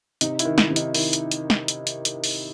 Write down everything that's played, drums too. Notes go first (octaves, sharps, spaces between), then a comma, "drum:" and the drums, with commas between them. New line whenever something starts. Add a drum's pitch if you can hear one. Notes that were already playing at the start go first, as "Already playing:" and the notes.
C3 D#4, drum: hi-hat
E4, drum: hi-hat
D#3
E4, drum: snare
C3
D#4, drum: hi-hat
D#3 E4, drum: open hi-hat
drum: hi-hat
drum: hi-hat
drum: snare
drum: hi-hat
drum: hi-hat
drum: hi-hat
drum: open hi-hat